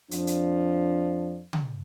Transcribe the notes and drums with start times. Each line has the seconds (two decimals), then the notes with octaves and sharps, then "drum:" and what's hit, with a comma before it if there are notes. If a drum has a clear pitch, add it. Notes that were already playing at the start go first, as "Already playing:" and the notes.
0.11 F2 F3 D4, drum: hi-hat
0.27 drum: hi-hat
1.53 drum: tom C#3